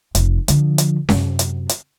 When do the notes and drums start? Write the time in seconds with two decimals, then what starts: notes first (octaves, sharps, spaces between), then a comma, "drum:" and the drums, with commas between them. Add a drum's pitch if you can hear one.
0.15 F1, drum: hi-hat
0.48 D3 F3, drum: hi-hat
0.78 drum: hi-hat
1.09 F#2 C3, drum: snare C#4
1.39 drum: hi-hat
1.69 drum: hi-hat